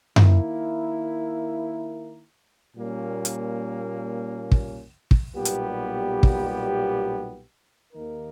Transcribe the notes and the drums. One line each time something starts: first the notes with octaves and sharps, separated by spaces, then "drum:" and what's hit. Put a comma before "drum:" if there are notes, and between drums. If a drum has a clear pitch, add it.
D#3 A#3 E4 A#4, drum: tom F#2
A#2 G3 A#3 C#4
drum: hi-hat
drum: kick
drum: kick
B1 A#2 G3 B3 G4
drum: hi-hat
drum: kick
D#2 D#3 A#3 D#4 A#4